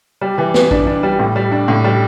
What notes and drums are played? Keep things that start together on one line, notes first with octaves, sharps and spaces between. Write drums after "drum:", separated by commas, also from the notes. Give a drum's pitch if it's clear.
G3
E3
B3, drum: snare
D4, drum: kick A1
D4
G3
A2
G3
D4
A2
G3